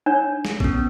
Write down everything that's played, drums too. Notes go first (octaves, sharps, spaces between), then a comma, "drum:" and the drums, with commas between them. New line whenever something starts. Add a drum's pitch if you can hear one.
D4 C#5
drum: snare
B3 C#4, drum: kick